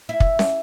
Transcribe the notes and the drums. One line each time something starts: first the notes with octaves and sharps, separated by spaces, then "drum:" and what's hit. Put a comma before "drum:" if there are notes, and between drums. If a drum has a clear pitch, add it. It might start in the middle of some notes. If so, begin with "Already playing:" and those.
E4
drum: kick
drum: snare C#4